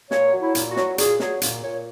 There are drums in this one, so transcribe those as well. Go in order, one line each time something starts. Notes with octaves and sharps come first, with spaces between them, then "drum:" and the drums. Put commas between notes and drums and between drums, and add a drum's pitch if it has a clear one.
A#2 C#5, drum: snare
F#3
E4
A#2, drum: hi-hat
F#4
F#3, drum: snare
A#2 G#4, drum: hi-hat
F#3 G#4, drum: snare
A#2, drum: hi-hat
A#2 C#5